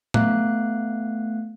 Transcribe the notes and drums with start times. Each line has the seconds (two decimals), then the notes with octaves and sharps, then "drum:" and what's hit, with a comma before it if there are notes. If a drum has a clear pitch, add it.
0.14 A3 B3 F5 F#6, drum: tom